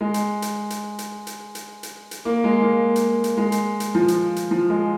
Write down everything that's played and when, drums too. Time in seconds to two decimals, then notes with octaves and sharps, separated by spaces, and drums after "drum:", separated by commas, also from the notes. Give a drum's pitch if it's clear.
0.01 G#3
0.14 drum: hi-hat
0.42 drum: hi-hat
0.70 drum: hi-hat
0.99 drum: hi-hat
1.27 drum: hi-hat
1.55 drum: hi-hat
1.83 drum: hi-hat
2.11 drum: hi-hat
2.25 A#3
2.44 G#3
2.62 A#3
2.96 drum: hi-hat
3.24 drum: hi-hat
3.38 G#3
3.52 drum: hi-hat
3.80 drum: hi-hat
3.95 F3
4.08 drum: hi-hat
4.36 drum: hi-hat
4.51 F3
4.70 G#3